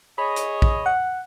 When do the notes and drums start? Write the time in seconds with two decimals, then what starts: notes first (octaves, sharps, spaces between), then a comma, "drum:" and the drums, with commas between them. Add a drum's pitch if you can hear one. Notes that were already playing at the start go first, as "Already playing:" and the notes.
0.18 G#4 C#5 D#5 B5
0.36 drum: hi-hat
0.62 drum: kick A#1
0.86 F#5